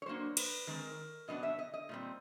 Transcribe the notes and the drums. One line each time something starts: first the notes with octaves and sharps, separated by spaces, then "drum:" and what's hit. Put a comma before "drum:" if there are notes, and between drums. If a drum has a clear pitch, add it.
C#5
A2 F#3 A#3 D4 C5
B4, drum: cymbal
D#3 G#3 C4 A#4
B2 F#3 B3 D4 D#5
E5
D#5
D#5
A#2 G3 C4